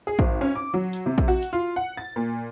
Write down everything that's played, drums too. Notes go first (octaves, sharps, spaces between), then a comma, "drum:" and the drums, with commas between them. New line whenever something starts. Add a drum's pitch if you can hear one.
G#4
G#1, drum: kick A#1
C#4
D6
F#3
drum: hi-hat
C3
drum: kick A#1
F#4
drum: hi-hat
F4
F#5
A6
A#2